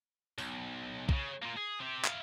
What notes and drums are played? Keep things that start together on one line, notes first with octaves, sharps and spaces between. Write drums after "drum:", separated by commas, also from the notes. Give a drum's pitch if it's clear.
B1, drum: open hi-hat
A#2 C#3, drum: kick
A#3 F4
G#4
C4 G4
E4 F5, drum: clap